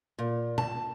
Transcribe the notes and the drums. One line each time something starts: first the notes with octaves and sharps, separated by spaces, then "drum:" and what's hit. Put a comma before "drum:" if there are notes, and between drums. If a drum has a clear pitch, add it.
A#2
A5, drum: tom